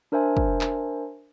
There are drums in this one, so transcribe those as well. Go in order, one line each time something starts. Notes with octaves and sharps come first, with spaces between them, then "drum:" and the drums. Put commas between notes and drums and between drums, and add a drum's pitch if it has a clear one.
D4 A#4 C5 E5 G#5
drum: kick
drum: clap